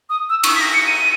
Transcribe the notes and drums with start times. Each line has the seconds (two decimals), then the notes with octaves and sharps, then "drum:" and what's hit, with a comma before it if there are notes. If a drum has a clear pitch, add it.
0.10 D#6
0.29 E6
0.44 C#6, drum: cymbal
0.49 D#6
0.55 B6
0.61 A#6
0.74 C#7
0.87 D#7